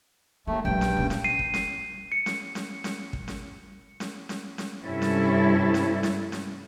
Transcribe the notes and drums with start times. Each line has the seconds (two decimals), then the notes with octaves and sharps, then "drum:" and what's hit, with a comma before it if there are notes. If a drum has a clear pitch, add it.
0.47 D#2 G#3 A3
0.65 A#1 G2 F#3 G5
0.81 drum: snare C#4
0.97 A#1 C#4
1.10 drum: snare C#4
1.24 C7 D#7
1.39 drum: kick
1.54 drum: snare C#4
2.12 C#7
2.26 drum: snare C#4
2.55 drum: snare C#4
2.84 drum: snare C#4
3.13 drum: kick
3.28 drum: snare C#4
4.00 drum: snare C#4
4.29 drum: snare C#4
4.58 drum: snare C#4
4.84 G2 C3 C#4 E4 A4
5.02 drum: snare C#4
5.74 drum: snare C#4
6.03 drum: snare C#4
6.32 drum: snare C#4